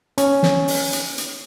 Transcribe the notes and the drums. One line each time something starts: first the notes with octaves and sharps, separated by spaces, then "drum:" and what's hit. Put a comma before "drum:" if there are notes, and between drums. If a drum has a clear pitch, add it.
C#4, drum: hi-hat
drum: snare
drum: open hi-hat
drum: hi-hat
drum: hi-hat